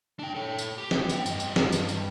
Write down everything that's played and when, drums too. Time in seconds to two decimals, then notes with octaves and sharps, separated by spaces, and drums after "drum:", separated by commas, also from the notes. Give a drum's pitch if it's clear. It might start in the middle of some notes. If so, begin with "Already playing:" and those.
0.19 D4 G5
0.35 A4 C#5
0.59 drum: tambourine
0.78 G4
0.91 drum: snare
1.09 B3 G5, drum: tambourine
1.26 G2 D#5, drum: tambourine
1.40 drum: tambourine
1.56 drum: snare
1.72 G2, drum: tambourine
1.89 drum: tambourine